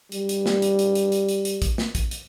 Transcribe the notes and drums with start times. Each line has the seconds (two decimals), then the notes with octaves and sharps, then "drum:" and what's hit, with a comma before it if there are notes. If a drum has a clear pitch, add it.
0.12 G3, drum: hi-hat
0.29 drum: hi-hat
0.46 drum: snare
0.62 drum: hi-hat
0.79 drum: hi-hat
0.95 drum: hi-hat
1.12 drum: hi-hat
1.29 drum: hi-hat
1.45 drum: hi-hat
1.62 drum: kick, hi-hat
1.78 drum: snare
1.95 drum: kick, hi-hat
2.11 drum: hi-hat